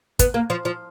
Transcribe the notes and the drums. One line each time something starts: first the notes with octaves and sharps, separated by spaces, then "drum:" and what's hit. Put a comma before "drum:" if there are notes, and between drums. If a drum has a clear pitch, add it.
B3, drum: kick, hi-hat
A#3
F3
F3